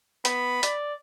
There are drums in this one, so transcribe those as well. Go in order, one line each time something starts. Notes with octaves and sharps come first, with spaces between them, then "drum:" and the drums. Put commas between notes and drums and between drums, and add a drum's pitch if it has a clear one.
B3 B5, drum: hi-hat
D5, drum: hi-hat